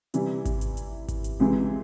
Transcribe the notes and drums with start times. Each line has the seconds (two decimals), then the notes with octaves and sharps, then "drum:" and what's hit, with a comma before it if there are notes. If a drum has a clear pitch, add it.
0.14 C3 E3 G3, drum: hi-hat
0.45 drum: kick G#1, hi-hat
0.61 drum: hi-hat
0.77 drum: hi-hat
1.08 drum: kick G#1, hi-hat
1.24 drum: hi-hat
1.40 C#2 C3 E3 G#3 C4